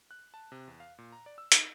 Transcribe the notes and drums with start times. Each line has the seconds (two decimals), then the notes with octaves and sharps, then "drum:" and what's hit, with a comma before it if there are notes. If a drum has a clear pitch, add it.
0.11 F#6
0.34 A5
0.52 C3
0.68 E2
0.80 F5
0.98 A#2
1.12 A#5
1.26 D5
1.38 E6
1.52 D#4, drum: hi-hat